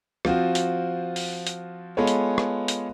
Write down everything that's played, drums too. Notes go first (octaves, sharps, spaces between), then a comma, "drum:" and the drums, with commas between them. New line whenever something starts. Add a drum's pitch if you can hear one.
F3 C4 F4 F#4, drum: rim click
drum: hi-hat
drum: open hi-hat
drum: hi-hat
G#3 B3 F4 A4 B4 C#5
drum: hi-hat
drum: rim click
drum: hi-hat